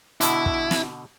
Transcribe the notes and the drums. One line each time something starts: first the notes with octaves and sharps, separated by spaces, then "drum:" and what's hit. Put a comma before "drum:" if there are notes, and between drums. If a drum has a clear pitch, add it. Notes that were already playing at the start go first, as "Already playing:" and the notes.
B2 D3 E4, drum: hi-hat
drum: kick
drum: snare